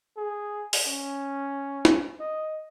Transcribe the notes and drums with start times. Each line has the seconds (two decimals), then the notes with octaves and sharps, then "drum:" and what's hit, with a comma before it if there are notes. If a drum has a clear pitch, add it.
0.18 G#4
0.73 drum: open hi-hat
0.87 C#4
1.85 drum: snare
2.20 D#5